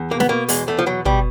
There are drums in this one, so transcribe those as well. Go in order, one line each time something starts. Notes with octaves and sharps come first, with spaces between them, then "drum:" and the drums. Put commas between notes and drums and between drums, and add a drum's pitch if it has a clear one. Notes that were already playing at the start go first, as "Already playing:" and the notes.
Already playing: E2
B2 A#3
B3, drum: snare
B2 A#3
E2 G#3, drum: open hi-hat
E2 A3
F3
B2 F#3
B2 G3, drum: tom